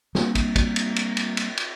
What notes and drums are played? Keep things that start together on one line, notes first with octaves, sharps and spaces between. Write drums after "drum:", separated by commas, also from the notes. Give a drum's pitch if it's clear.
G3 A#3 C4 D4, drum: snare
drum: kick, cymbal
drum: kick, cymbal
drum: cymbal
drum: cymbal
drum: cymbal
drum: cymbal
drum: cymbal